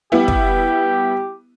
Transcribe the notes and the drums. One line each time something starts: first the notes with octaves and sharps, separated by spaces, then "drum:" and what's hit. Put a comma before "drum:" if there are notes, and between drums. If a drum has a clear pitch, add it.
G3 B3 E4 G4
drum: kick